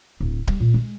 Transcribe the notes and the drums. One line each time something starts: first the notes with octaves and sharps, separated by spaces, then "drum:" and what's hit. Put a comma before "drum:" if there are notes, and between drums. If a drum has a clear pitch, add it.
D1
G3, drum: kick D1
A#2
G#3